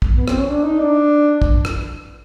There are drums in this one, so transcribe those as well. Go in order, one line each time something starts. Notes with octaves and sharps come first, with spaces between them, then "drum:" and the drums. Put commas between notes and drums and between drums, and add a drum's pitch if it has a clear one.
drum: kick
B3
C4, drum: rim click
C#4
D4
D#4
D4
drum: kick
drum: rim click